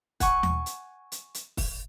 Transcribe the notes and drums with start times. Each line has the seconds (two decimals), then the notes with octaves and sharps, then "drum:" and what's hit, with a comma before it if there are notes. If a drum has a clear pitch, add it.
0.20 F#5 G#5 C#6, drum: kick, hi-hat
0.43 drum: tom D#2
0.66 drum: hi-hat
1.12 drum: hi-hat
1.34 drum: hi-hat
1.57 drum: kick, open hi-hat